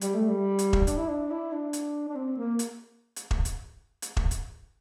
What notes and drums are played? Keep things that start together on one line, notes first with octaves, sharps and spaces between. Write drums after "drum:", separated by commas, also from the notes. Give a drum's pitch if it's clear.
G3, drum: hi-hat
A3
G3
drum: hi-hat
drum: kick E1
D4, drum: hi-hat
E4
D4
E4
D4
drum: hi-hat
D4
C4
A#3
drum: hi-hat
drum: hi-hat
drum: kick E1
drum: hi-hat
drum: hi-hat
drum: kick E1
drum: hi-hat